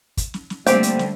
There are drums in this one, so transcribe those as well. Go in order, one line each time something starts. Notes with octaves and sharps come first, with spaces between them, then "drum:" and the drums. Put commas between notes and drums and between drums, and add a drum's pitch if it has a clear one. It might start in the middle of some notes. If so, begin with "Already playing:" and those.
drum: kick, hi-hat
drum: snare
drum: snare
D3 G3 A3 A#3 C4 G4 C5 G5, drum: hi-hat
drum: hi-hat
drum: snare